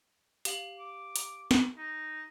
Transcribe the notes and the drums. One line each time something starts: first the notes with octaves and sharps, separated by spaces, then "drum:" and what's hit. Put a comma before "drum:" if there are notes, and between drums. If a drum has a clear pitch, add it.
G4 F5 F#7, drum: hi-hat
D6
drum: hi-hat
drum: snare
D#4